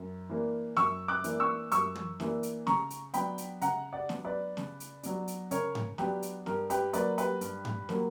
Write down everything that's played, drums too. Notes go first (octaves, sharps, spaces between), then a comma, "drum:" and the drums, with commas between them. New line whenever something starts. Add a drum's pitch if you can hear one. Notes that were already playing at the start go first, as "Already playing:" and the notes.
Already playing: F#2
E3 A#3 D4
F#2 C#6 E6, drum: snare
D6 F#6
E3 A#3 D4, drum: hi-hat
C#6 E6
F#2 C#6 E6, drum: hi-hat
drum: tom
E3 A#3 D4, drum: snare
drum: hi-hat
C#3 A#5 C#6, drum: snare
drum: hi-hat
F#3 B3 D4 G5 B5, drum: hi-hat
drum: hi-hat
C#3 F#5 A#5, drum: hi-hat
D5 F#5
F#3 B3 D4, drum: snare
B4 D5
C#3, drum: snare
drum: hi-hat
F#3 B3 D4, drum: hi-hat
drum: hi-hat
C#3 A#4 C#5, drum: hi-hat
drum: tom G#2
F#3 B3 D4 G4 B4, drum: snare
drum: hi-hat
G2 A#4, drum: snare
G4 B4, drum: hi-hat
F#3 A#3 B4 D5, drum: hi-hat
G4 B4, drum: hi-hat
G2, drum: hi-hat
drum: tom G#2
F#3 A#3, drum: snare